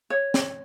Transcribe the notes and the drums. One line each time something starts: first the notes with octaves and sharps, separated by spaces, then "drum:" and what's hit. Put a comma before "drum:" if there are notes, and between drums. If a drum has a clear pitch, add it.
C#5
drum: snare